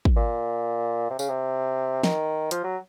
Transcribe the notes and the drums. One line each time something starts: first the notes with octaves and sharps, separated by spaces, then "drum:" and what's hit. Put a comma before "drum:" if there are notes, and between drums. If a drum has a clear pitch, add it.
drum: kick
A#2
C3
C#3, drum: tambourine
C3
D#3, drum: snare
F3, drum: hi-hat
F#3